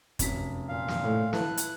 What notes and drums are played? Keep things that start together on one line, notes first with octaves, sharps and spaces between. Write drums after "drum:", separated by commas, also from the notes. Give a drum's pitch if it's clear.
F1 F#2 B6, drum: kick, hi-hat
A#2 F5
drum: snare
A2 A3
E4 B4 A5 F#6, drum: snare
drum: hi-hat